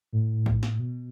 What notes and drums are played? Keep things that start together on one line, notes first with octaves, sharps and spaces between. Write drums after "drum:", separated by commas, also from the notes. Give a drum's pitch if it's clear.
A2
drum: kick
drum: snare
B2